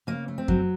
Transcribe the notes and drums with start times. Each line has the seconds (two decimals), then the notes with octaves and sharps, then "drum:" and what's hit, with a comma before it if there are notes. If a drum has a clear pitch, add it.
0.07 C#3 A#3
0.28 A3
0.38 C4
0.48 F#3, drum: kick F#2